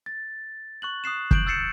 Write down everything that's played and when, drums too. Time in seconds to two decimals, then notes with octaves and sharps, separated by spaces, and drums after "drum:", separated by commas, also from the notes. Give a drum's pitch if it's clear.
0.06 A6
0.82 C#6 F#6 F#7
1.04 D#6 F#6 C7 E7
1.31 G6 D7 F#7, drum: kick
1.47 E6 G6 A6 C7 C#7 E7